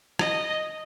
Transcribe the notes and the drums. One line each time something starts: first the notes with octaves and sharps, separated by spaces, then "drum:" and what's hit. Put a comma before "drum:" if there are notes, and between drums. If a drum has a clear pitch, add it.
D#5, drum: rim click